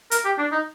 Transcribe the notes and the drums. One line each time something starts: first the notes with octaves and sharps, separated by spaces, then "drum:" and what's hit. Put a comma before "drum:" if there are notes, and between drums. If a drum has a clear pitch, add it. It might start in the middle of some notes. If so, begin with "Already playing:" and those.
A#4, drum: hi-hat
G4
D4
D#4